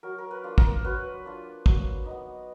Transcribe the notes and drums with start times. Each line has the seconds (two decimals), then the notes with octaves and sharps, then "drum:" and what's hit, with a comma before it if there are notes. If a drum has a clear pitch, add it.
0.03 F#3 A#4
0.18 A#4
0.31 B4
0.44 A#3 D4 F4
0.58 A#4, drum: kick
0.84 F#3 B4
1.24 A#3 D4 F4
1.66 F#3, drum: kick
2.06 D#4
2.11 B3